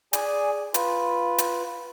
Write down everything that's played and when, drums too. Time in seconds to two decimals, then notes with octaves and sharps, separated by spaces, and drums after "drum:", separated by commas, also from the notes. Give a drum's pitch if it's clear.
0.13 G#4 D5 G#5, drum: hi-hat
0.74 F4 B4, drum: hi-hat
1.38 drum: hi-hat